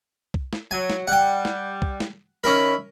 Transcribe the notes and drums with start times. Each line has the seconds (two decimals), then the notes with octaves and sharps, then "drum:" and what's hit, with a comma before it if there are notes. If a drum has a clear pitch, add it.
0.34 drum: kick
0.53 drum: snare
0.71 F#3 G#5
0.90 drum: snare
1.08 G3 F#5 G5
1.45 drum: snare
1.82 drum: kick
2.00 drum: snare
2.44 D#3 C#4 A#4 E5 B5